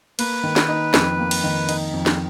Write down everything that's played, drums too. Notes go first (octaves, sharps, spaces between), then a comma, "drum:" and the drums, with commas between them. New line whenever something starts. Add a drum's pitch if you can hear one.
A#3 B4, drum: cymbal
D#3
drum: snare
D#4
F2, drum: snare
A#3
drum: cymbal
D#3
D#4, drum: cymbal
F2
drum: snare